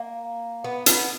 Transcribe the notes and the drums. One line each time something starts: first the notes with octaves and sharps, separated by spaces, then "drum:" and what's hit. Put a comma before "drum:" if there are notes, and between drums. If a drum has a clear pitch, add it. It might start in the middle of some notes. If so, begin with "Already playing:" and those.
Already playing: A#3
B3
B3, drum: hi-hat